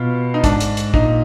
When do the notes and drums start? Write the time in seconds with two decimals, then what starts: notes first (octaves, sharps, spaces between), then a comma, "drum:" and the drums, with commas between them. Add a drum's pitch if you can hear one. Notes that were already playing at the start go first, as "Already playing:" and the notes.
Already playing: B2 F4
0.34 D#4
0.44 G#2 D4, drum: kick, hi-hat
0.60 drum: hi-hat
0.77 drum: hi-hat
0.94 A#2 D#4, drum: kick